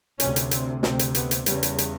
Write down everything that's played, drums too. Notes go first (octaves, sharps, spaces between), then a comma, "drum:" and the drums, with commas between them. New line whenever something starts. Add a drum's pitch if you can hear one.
D2 C3 C#4, drum: hi-hat
drum: hi-hat
C4, drum: hi-hat
D2 C3 C4, drum: snare
drum: hi-hat
B3, drum: hi-hat
drum: hi-hat
E2 C#3 G3, drum: hi-hat
drum: hi-hat
drum: hi-hat